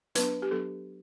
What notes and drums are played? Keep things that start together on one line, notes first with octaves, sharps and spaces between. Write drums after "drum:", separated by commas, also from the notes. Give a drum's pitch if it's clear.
F#3 B3 D4 B4, drum: hi-hat
G4
F#3 B3 D4 A4